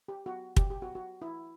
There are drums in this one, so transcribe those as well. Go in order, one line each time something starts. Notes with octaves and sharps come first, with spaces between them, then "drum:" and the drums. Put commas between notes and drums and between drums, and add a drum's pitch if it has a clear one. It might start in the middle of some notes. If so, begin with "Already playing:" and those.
G4
F#4
G4, drum: kick
G4
F#4
F#4
E4